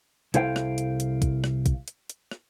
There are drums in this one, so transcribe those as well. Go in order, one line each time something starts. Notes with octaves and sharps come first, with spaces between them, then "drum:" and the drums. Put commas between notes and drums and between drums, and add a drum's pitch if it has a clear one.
C2 E4 A4 C5 F5 G5, drum: hi-hat
drum: rim click
drum: hi-hat
drum: hi-hat
drum: kick, hi-hat
drum: rim click
drum: kick, hi-hat
drum: hi-hat
drum: hi-hat
drum: rim click